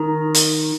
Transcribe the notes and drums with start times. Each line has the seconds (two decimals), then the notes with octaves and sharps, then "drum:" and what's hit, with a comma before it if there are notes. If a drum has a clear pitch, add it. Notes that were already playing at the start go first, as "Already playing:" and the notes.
Already playing: D#3
0.34 drum: hi-hat